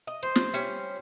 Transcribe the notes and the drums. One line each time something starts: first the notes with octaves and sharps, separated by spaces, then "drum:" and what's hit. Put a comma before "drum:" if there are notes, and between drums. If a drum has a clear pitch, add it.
D#5
C5
drum: snare
G3 C#4